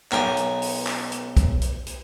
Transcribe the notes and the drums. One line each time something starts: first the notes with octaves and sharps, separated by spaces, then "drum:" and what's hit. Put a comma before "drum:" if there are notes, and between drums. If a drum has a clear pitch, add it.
B1 A#4 G5 G#5, drum: clap
drum: hi-hat
drum: open hi-hat
drum: clap
drum: hi-hat
drum: kick B1, hi-hat
drum: hi-hat
drum: hi-hat